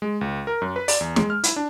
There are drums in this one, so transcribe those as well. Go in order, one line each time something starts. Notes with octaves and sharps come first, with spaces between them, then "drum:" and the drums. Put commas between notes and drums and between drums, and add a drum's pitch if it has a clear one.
G#3
C#2
A#4
F#2
B4
D5, drum: open hi-hat
E2
G#3, drum: snare
F6
E4, drum: hi-hat
D4